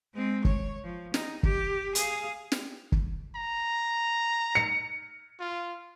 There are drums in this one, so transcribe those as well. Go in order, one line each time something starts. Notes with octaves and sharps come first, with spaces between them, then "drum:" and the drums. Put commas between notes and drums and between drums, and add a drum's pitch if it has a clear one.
G#3 C4
C#5, drum: kick
F3
D#4, drum: snare
G4, drum: kick
G#4 F5, drum: hi-hat
drum: snare
drum: kick
A#5
C#7
F4